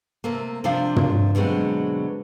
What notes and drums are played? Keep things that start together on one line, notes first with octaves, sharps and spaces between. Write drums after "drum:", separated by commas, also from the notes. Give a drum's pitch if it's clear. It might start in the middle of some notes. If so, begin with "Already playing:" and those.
C3 A3 A#3
C3 F3 D4 F5
drum: tom
B2 D3 F#3 G#3 C4